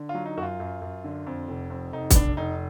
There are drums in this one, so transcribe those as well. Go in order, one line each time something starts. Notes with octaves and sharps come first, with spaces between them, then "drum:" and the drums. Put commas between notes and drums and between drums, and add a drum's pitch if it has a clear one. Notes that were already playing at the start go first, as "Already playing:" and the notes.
Already playing: D3
F4
F#3
D#4
F#2 F#4
F4
F#2
F#2
D3
F2
F1
F2
F1 D#4
B3, drum: kick, hi-hat
F1 D4
F1 D#4